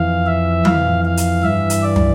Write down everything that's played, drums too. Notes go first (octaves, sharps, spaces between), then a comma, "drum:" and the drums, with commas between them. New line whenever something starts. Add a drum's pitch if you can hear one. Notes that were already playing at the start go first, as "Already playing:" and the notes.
Already playing: F2 E3 F5
E5
F2 E3 F5, drum: tom F3
F5
drum: hi-hat
G2 E3 E5
drum: hi-hat
D5
drum: tom